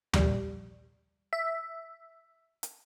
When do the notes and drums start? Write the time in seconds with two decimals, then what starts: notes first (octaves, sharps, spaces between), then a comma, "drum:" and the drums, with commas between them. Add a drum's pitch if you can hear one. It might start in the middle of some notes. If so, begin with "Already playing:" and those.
0.13 A#1 G3, drum: tom D#2
1.33 E5
2.63 drum: hi-hat